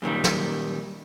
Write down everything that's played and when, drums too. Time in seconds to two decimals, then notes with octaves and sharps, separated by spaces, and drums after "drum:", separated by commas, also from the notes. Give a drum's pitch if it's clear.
0.02 F#2 A#2 D#3 G3
0.24 drum: snare